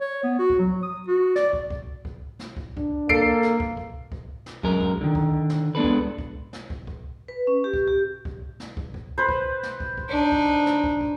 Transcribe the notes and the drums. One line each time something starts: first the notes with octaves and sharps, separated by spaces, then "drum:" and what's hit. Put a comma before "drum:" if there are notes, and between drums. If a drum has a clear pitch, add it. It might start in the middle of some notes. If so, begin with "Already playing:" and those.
C#5
B3
F#4
drum: kick
F#3
D#6
F#4
D5, drum: snare
drum: kick
drum: kick
drum: kick
drum: snare
drum: kick
D4, drum: kick
A#3 A4 C7 D7, drum: kick
drum: snare
drum: kick
drum: kick
drum: kick
drum: snare
F#2 G#3 A#4 A#5, drum: kick
drum: kick
D3 D#3
drum: kick
drum: snare
G#3 B3 D4 A4 B4
drum: kick
drum: kick
drum: snare
drum: kick
drum: kick
B4
C#4
G4
drum: kick
G4
drum: kick
drum: snare
drum: kick
drum: kick
B4 C5
drum: kick
drum: snare
drum: kick
drum: kick
D4 D#4
drum: kick
drum: snare
drum: kick
drum: kick